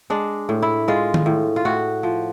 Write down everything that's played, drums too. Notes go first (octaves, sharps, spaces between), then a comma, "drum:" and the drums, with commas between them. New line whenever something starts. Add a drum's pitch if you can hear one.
G#3 D4
A2
E4
G#3 F4
drum: tom D#3
A2
F4
A2 F#4
F3